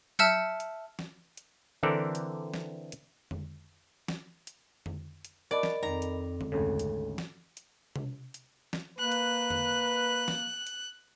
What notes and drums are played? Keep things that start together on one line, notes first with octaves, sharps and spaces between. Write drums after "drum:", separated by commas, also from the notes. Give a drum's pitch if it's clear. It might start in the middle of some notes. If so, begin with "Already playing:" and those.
E5 A5 E6 F6 G6 C#7, drum: tom F#3
drum: hi-hat
drum: snare
drum: hi-hat
D3 E3 C4 A4 A#4 D5
drum: hi-hat
drum: snare
drum: hi-hat
drum: tom
drum: snare
drum: hi-hat
drum: tom
drum: hi-hat
F#4 A#4 D5 D#5 A5 B5
drum: snare
F2 D#3 A#5
drum: hi-hat
drum: tom
G#1 D2 C#3 A4
drum: hi-hat
drum: snare
drum: hi-hat
drum: tom C3
drum: hi-hat
drum: snare
A#3 B4 F#6
drum: hi-hat
drum: tom
drum: snare
drum: hi-hat